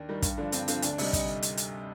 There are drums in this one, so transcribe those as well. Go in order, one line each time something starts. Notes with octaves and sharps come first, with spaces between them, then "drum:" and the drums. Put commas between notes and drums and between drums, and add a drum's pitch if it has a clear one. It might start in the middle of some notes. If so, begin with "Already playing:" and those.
Already playing: D#2 D4
D#3 G3
G2, drum: kick, hi-hat
D3 F3 D4
G2 C4, drum: hi-hat
D3 F3 C4, drum: hi-hat
D2 D4, drum: hi-hat
D4
C3 G3 D#4, drum: open hi-hat
D#4, drum: kick, hi-hat
drum: hi-hat
drum: hi-hat